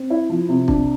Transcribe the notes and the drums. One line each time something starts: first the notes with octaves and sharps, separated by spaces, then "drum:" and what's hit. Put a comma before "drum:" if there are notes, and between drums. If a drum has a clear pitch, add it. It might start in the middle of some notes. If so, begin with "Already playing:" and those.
Already playing: C4
E4
F3
C3
D4, drum: kick